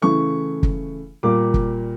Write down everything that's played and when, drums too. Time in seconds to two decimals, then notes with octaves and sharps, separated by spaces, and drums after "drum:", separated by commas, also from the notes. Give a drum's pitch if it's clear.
0.02 C#3 E3 A3 C#6
0.63 drum: kick
1.23 A#2 G3 A#3 D6
1.54 drum: kick